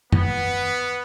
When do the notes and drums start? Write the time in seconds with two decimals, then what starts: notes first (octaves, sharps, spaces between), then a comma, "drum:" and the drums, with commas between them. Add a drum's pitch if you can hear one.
0.13 B3, drum: tom